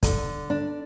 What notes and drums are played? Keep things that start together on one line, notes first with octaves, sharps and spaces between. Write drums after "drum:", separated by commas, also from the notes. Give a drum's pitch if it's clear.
D3, drum: kick, hi-hat
D4